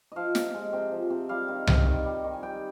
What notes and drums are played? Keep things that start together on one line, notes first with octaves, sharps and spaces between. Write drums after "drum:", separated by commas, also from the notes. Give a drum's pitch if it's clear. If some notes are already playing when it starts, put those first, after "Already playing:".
F3 D#5 F5
C3, drum: snare
G#3
C3 G5
F3
C3
G3 F5
D#3
C4, drum: tom C2
D#3
G3
D#3
G#5
G3 G5